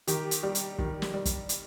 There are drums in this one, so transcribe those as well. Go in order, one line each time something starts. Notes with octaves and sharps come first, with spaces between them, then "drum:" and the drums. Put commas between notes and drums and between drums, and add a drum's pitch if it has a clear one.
D#3 G4, drum: hi-hat
drum: hi-hat
G3 G4
drum: hi-hat
D#3, drum: kick
drum: snare
G3
drum: kick, hi-hat
drum: hi-hat